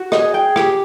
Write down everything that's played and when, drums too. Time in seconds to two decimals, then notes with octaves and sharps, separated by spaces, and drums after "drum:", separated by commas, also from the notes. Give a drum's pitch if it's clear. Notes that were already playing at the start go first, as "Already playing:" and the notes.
Already playing: F#4
0.12 G#4 D#5, drum: rim click
0.34 G5
0.56 G4, drum: rim click